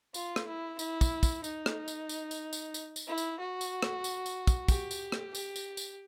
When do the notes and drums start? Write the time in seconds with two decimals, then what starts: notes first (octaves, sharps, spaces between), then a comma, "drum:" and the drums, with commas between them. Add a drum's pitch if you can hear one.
0.14 F4, drum: tambourine
0.36 drum: rim click
0.47 E4
0.79 E4, drum: tambourine
1.01 drum: kick, tambourine
1.23 drum: kick, tambourine
1.44 D#4, drum: tambourine
1.66 drum: rim click
1.88 drum: tambourine
2.09 drum: tambourine
2.31 drum: tambourine
2.53 drum: tambourine
2.74 drum: tambourine
2.96 drum: tambourine
3.07 E4
3.18 drum: tambourine
3.40 F#4
3.61 drum: tambourine
3.82 drum: rim click
4.04 drum: tambourine
4.26 drum: tambourine
4.47 drum: kick, tambourine
4.68 G4, drum: kick, tambourine
4.91 drum: tambourine
5.12 drum: rim click
5.35 G4, drum: tambourine
5.56 drum: tambourine
5.77 drum: tambourine